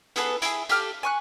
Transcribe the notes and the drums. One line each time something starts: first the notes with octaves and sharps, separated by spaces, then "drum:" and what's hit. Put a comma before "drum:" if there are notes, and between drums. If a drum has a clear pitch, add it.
B3 G#4 A4 B4, drum: hi-hat
E4 G#4, drum: hi-hat
G4 A4 F6, drum: hi-hat
G#5 C#6 F#6